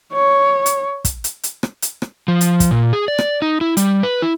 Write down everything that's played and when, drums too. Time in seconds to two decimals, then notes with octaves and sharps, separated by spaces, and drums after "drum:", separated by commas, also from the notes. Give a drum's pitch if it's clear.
0.13 C#5
0.66 drum: hi-hat
1.05 drum: kick, hi-hat
1.24 drum: hi-hat
1.43 drum: hi-hat
1.63 drum: rim click
1.82 drum: hi-hat
2.02 drum: rim click
2.28 F3
2.41 drum: hi-hat
2.60 drum: kick, hi-hat
2.71 A#2
2.93 G#4
3.08 D5
3.18 drum: rim click
3.42 D#4
3.61 E4
3.77 G3, drum: hi-hat
4.03 B4
4.22 E4